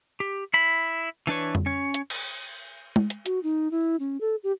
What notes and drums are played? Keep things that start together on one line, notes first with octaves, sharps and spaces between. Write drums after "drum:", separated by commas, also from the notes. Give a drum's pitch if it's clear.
G4
E4 B5
E3 D4 B4 C#5
drum: tom F2
C#4 C#5
drum: hi-hat
drum: cymbal
drum: tom G#3
drum: hi-hat
F#4, drum: hi-hat
D#4
E4
C#4
A4
G4